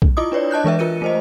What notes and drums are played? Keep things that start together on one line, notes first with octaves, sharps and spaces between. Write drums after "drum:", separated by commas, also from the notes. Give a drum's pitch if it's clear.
drum: kick B1
E4 F4 D#5 D6 D#6
D4 B4 C#5 D5
D#5 A5 F#6 G6
E3 G#3 B4 E5
F4 A#4 C#7 D#7
A3 C5 D#5